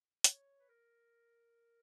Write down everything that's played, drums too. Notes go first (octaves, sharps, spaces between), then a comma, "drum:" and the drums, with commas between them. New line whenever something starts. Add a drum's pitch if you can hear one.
C#5, drum: hi-hat
B4
A#4